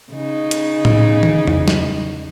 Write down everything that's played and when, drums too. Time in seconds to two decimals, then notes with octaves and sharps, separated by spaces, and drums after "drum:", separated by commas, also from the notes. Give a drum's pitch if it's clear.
0.12 C#3 D#4
0.51 drum: hi-hat
0.85 drum: tom A2
1.23 drum: tom D#3
1.47 drum: tom E2
1.68 drum: snare